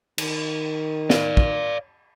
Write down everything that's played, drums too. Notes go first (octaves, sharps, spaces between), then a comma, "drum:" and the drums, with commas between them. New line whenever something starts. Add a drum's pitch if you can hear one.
D#3, drum: cymbal
D5 F5, drum: snare
drum: kick